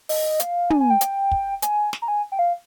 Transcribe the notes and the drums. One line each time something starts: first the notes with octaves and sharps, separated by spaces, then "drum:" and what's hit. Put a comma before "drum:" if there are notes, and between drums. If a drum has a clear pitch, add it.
D#5, drum: open hi-hat
F5, drum: hi-hat
G#5, drum: tom
G#5
G5
drum: hi-hat
drum: kick
G#5, drum: hi-hat
drum: snare
A#5
G#5
G5
F5